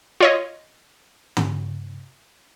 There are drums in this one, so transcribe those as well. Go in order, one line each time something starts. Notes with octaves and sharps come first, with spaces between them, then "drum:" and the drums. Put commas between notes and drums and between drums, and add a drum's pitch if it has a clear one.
F4 C#5 D#5
drum: tom